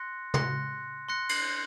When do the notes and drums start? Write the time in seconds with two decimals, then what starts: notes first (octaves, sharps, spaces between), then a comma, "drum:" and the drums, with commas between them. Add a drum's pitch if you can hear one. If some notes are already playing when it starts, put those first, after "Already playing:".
Already playing: C6 F#6 A#6 C#7
0.34 C6 F#6 A#6 C#7, drum: tom
1.09 C6 F#6 A#6 C#7
1.29 drum: cymbal